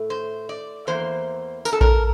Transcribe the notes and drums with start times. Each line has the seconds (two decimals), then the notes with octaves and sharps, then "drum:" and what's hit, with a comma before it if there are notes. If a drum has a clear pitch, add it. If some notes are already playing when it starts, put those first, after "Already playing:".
Already playing: A2 A3
0.10 C5
0.49 D5
0.87 E2 E3 A#3 C5
1.65 A#4, drum: tambourine
1.73 A4
1.81 A#4, drum: kick A#1